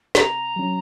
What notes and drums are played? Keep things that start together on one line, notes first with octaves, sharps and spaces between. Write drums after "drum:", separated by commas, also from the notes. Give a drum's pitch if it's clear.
C3 A#5, drum: snare
F#3 C#4